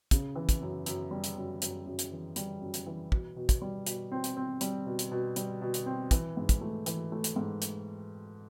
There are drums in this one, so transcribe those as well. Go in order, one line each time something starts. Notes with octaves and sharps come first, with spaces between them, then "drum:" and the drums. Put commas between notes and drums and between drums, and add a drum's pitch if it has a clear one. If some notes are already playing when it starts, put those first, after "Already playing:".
C#3, drum: kick, hi-hat
E3
drum: kick, hi-hat
F#2
F#2, drum: hi-hat
G3
drum: hi-hat
F#2
F#2, drum: hi-hat
F#2
drum: hi-hat
E3
G3, drum: hi-hat
F#2
drum: hi-hat
E3
B2, drum: kick
B2
drum: kick, hi-hat
G3
B2, drum: hi-hat
C4
drum: hi-hat
C4
G3, drum: hi-hat
B2
drum: hi-hat
B2
G3, drum: hi-hat
B2
drum: hi-hat
C4
E3, drum: kick, hi-hat
G#2
drum: kick, hi-hat
A3
E3, drum: hi-hat
A3
drum: hi-hat
G#2
drum: hi-hat